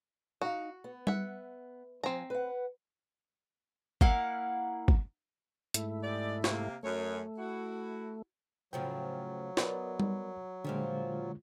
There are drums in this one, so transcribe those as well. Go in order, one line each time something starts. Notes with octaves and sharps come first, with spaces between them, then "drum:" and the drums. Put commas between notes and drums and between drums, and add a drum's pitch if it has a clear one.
D#4 F#4 F5
B3
E5 F#5, drum: tom G3
F3 C4 G#5 A#5
B4 F#5
A#3 E4 F5 F#5, drum: kick
drum: kick
G#2 A3 E4, drum: hi-hat
G#3 G4 D5
C3 A#3, drum: snare
F#2 A3 C#5
E4 F#4
A2 C#3 F3 F#3 G5
B3 D#4 A#4 C#5 D5, drum: snare
drum: tom G3
A#2 D3 F3 G3 G#3